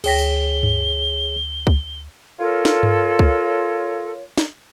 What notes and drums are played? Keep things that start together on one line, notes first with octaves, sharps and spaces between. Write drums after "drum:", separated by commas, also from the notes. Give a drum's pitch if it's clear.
D2 G#4 C#5 G5 A#6 B6 G7, drum: cymbal
drum: tambourine
drum: tom G2
drum: kick C#2
F4 A4 A#4 C#5
drum: snare
drum: tom G2
drum: kick C#2
drum: snare